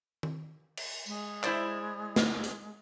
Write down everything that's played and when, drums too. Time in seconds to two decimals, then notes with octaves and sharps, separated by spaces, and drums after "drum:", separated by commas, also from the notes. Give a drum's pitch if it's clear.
0.23 drum: tom D#3
0.77 drum: cymbal
1.06 G#3, drum: tambourine
1.43 E4 C5 D5, drum: clap
2.16 drum: snare
2.44 drum: hi-hat